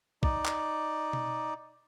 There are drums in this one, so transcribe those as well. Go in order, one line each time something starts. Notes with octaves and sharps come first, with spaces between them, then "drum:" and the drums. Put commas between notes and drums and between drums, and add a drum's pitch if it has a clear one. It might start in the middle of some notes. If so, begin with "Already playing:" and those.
D#4 D5, drum: kick
drum: clap
drum: tom B2